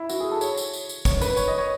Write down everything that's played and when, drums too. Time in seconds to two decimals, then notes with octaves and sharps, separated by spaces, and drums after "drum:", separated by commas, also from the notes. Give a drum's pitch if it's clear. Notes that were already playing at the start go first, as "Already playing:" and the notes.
Already playing: E4
0.09 F#4, drum: tambourine
0.20 G#4
0.31 A4
0.41 C#5, drum: tambourine
0.57 drum: tambourine
0.73 drum: tambourine
0.89 drum: tambourine
1.05 C#5, drum: kick, tambourine
1.22 B4, drum: tambourine
1.37 C#5, drum: tambourine
1.48 D#5
1.58 C#5